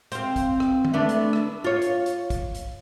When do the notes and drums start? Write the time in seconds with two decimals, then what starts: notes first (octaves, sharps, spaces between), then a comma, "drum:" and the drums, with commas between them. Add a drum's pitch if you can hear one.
0.12 C4 F5, drum: hi-hat
0.36 drum: kick, hi-hat
0.60 drum: rim click
0.85 drum: tom D3
0.94 A3 B3 D4
1.09 drum: hi-hat
1.33 drum: rim click
1.64 F4 C#5
1.82 drum: hi-hat
2.06 drum: hi-hat
2.30 drum: kick, hi-hat
2.55 drum: hi-hat